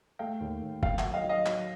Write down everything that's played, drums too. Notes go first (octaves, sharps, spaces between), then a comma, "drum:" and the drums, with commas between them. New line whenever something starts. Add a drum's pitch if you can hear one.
A3 F5 G5
D#2
D#2
F#3 F5 G5, drum: kick
F#3 E5 F#5, drum: clap
D#5 F5
F#3
D#5 F5
F#3, drum: clap